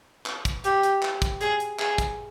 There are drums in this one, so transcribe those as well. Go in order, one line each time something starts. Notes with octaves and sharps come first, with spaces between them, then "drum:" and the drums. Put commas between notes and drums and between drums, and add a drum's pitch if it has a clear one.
drum: clap
drum: kick, hi-hat
G4, drum: hi-hat
drum: hi-hat
drum: clap
drum: kick, hi-hat
G#4, drum: hi-hat
drum: hi-hat
G#4, drum: clap
drum: kick, hi-hat